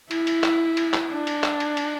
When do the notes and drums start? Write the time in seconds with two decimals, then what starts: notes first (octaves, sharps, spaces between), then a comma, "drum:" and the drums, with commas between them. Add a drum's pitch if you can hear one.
0.11 E4, drum: cymbal
0.27 drum: cymbal
0.44 drum: clap
0.77 drum: cymbal
0.94 drum: clap
1.10 D4
1.27 drum: cymbal
1.44 drum: clap
1.60 drum: cymbal
1.77 drum: cymbal